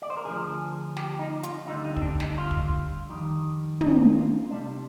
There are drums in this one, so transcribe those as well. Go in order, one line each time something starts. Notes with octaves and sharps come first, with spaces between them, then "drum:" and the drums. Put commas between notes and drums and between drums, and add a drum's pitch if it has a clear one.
D5
C5
A#4
D2 D3 F3 G#4
G4, drum: snare
D#4
F4, drum: hi-hat
D2 D3 G3 D#4
D#4
C4, drum: kick
D4
D#4, drum: snare
F4
drum: kick
F2 D#3 G3
drum: tom
F4
C2 C3 G3 D4